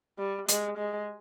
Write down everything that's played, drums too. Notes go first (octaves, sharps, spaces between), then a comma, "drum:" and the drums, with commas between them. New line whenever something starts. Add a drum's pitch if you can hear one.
G3
G#3, drum: hi-hat
G#3